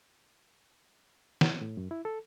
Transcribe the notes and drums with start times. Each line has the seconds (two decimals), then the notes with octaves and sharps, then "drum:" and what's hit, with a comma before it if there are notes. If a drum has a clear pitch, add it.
1.41 drum: snare
1.61 A2
1.77 F#2
1.91 E4
2.05 A4